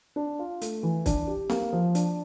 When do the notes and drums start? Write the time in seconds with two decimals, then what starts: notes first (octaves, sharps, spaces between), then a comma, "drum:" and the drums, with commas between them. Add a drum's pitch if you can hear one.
0.16 D4
0.39 F4
0.61 A3, drum: hi-hat
0.83 E3
1.06 D4, drum: kick, hi-hat
1.27 G4
1.49 A#3, drum: snare C4
1.73 F3
1.95 D4, drum: hi-hat